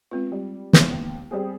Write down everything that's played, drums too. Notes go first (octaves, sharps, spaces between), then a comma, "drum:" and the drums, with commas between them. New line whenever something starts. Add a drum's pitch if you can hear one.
G#3 B3 C4 F4
G3
G#3 B3 B4, drum: snare
D#2
G3 C4 G#4